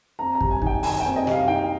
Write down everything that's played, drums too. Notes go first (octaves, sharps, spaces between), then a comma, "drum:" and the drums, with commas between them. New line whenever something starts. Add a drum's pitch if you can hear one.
C4 A#5
A#5
G3, drum: kick
G#5
D#4 G5, drum: kick
D#3 G#5, drum: open hi-hat
C4 G5
D#5
G3 F5, drum: snare
D#4 G5